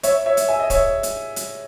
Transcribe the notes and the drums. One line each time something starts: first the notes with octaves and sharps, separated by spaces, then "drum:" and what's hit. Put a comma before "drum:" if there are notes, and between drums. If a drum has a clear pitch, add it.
C#5 E5, drum: hi-hat
C#5 E5
drum: hi-hat
E5 G#5
D#5
C#5 E5, drum: kick, hi-hat
drum: hi-hat
drum: hi-hat